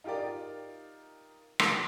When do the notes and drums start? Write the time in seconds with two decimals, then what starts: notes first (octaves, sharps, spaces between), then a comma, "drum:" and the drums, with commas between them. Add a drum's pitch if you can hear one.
0.04 D#4 F4 G4 A#4 D5
1.59 drum: rim click